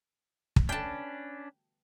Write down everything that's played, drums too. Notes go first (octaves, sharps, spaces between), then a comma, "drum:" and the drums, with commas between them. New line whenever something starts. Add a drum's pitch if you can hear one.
drum: kick
C#4 D4 B4 G5 A5